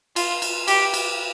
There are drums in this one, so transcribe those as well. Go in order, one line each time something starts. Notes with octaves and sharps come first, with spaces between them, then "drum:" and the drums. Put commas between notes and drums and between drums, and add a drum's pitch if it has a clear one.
F4, drum: cymbal
drum: cymbal
G4, drum: cymbal
drum: cymbal